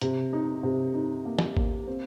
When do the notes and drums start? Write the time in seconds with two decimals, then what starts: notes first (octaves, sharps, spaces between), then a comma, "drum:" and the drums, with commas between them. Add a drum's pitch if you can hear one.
0.01 C3, drum: hi-hat
0.33 D#4
0.63 C3
0.94 D#4
1.25 A#3
1.39 drum: snare
1.57 A#3, drum: kick G#1
1.87 C4